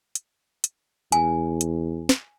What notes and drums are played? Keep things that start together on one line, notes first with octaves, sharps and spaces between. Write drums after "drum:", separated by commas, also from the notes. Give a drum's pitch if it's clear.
drum: hi-hat
drum: hi-hat
E2 G#5, drum: hi-hat
drum: hi-hat
drum: snare